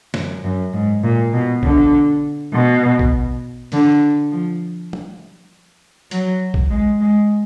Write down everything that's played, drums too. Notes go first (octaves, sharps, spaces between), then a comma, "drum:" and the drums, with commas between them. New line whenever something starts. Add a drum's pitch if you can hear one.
F#2, drum: snare
F#2
G#2
A#2
B2
D3, drum: kick
B2
drum: kick
D3, drum: open hi-hat
F3
drum: tom
F#3, drum: hi-hat
drum: kick
G#3
G#3